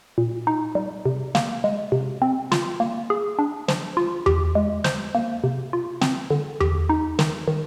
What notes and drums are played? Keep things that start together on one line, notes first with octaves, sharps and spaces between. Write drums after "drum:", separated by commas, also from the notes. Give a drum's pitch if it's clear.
A#2
D#4
G3
C3
A#3, drum: snare
G#3
C3
C4
F4, drum: snare
A#3
G#4
D4
F3, drum: snare
F4
G4, drum: tom E2
G#3
C5, drum: snare
A#3
C3
F4
C4, drum: snare
D3
G4, drum: tom E2
D#4
D#3, drum: snare
D#3